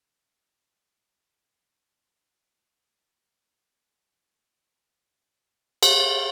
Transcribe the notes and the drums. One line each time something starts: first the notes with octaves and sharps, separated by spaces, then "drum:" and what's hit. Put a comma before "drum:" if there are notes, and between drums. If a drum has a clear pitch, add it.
E5
G4
E3
G#4
C4
B2
D2
A#3
E4
A2 G4 A#4 G5
drum: cymbal